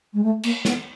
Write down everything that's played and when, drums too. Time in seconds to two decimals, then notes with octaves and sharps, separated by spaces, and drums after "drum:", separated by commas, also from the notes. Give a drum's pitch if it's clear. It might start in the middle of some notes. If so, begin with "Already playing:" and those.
0.13 G#3
0.23 A3
0.43 A#3, drum: cymbal
0.65 B3, drum: snare